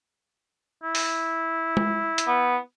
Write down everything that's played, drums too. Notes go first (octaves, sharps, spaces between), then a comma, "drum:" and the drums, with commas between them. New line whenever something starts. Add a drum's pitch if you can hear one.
E4
drum: open hi-hat
drum: tom G#3
drum: hi-hat
B3